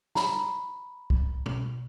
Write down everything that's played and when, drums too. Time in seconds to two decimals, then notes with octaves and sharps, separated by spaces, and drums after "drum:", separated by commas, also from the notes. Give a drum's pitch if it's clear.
0.15 A#5 B5, drum: snare
1.10 drum: kick
1.46 drum: tom B2